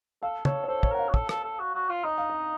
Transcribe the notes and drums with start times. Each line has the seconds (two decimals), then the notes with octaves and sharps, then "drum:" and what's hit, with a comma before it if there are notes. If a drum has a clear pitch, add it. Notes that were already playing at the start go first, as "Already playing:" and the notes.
0.23 A4 F5
0.45 A4 C#5, drum: tom
0.64 C#5
0.68 A4 C5
0.83 C#5, drum: kick
0.92 A#4 F#5
0.99 F5
1.09 F#4
1.14 A4, drum: kick
1.29 A4, drum: rim click
1.44 A4
1.59 F#4
1.75 F#4
1.89 F4
2.04 D#4 D#5
2.18 F5
2.30 D#5